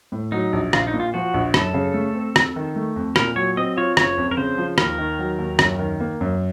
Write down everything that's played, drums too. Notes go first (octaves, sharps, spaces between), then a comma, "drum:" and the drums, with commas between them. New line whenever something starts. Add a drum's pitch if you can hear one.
A2
F#3 D#4
A#1
A#1 F4, drum: rim click
D#4
A#2
F4
F3 F#4
A#1
F#2 A4, drum: rim click
C#3
A3
C4
F2, drum: rim click
D#3
A3
F2
A#2 A#4, drum: rim click
F#3 C#5
C4 D#5
F4 C#5
F#1 C#5, drum: rim click
F2
A#4
C#3 C5
F3
D#2 A#4, drum: rim click
D#3
F#3
D#2
F#2, drum: rim click
D#3
A#3
F#2